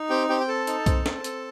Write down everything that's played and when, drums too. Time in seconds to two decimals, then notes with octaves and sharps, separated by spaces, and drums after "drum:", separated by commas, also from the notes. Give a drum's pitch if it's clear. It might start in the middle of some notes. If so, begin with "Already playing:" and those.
Already playing: D#4
0.10 C4 G4 G5
0.29 C4 G4 G5
0.40 G5
0.48 A4 A5
0.67 D#4, drum: hi-hat
0.86 C4, drum: kick B1, hi-hat
1.06 C4, drum: snare
1.24 A4, drum: hi-hat